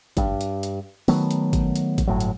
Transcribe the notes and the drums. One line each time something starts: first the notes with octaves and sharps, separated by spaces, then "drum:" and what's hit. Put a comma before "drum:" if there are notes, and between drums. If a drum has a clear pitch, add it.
G2, drum: kick, hi-hat
drum: hi-hat
drum: hi-hat
D#3 F#3 A3 B3, drum: open hi-hat
drum: hi-hat
drum: kick, hi-hat
drum: hi-hat
drum: kick, hi-hat
G1 A2 F#3
drum: hi-hat